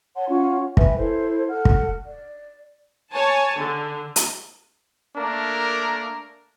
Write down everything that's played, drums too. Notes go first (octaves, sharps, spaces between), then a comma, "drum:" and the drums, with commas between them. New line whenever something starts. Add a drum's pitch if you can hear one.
C#5 F#5 A5 C6
C#4 F4 C#5 F#5
B4 E5 G5 G#5, drum: kick
E4 A4 C5
A4 F#5 F6
drum: kick
D5
C#5 G#5 A5
D3
drum: hi-hat
A3 A#3 D4 A#4